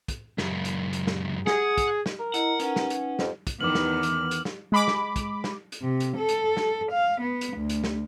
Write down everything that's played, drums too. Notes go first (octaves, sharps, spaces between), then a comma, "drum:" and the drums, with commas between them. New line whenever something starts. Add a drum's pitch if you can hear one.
drum: kick, hi-hat
C#2 F#2, drum: snare
drum: hi-hat
drum: hi-hat
drum: snare
G#4 F#5, drum: snare
drum: kick, hi-hat
drum: snare
A#4
E4 D#5 F#5 A#5, drum: hi-hat
C#4 D#4 B4 F#5, drum: hi-hat
drum: snare
drum: hi-hat
F2, drum: snare
drum: kick, hi-hat
E2 D#3 B3 D6 F6 F#7
drum: snare
drum: hi-hat
drum: hi-hat
drum: snare
G#3 B5 D6
drum: snare
drum: kick, hi-hat
drum: snare
drum: hi-hat
C3
drum: hi-hat
A4
drum: hi-hat
drum: snare
F5
B3
drum: hi-hat
D2
drum: hi-hat
drum: snare